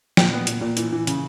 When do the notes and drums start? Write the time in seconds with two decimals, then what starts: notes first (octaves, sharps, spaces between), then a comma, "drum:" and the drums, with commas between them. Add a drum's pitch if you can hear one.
0.17 A#2 G5, drum: snare
0.32 B3
0.47 A#2, drum: hi-hat
0.61 A#2
0.77 E3, drum: hi-hat
0.92 E3
1.07 C#3, drum: hi-hat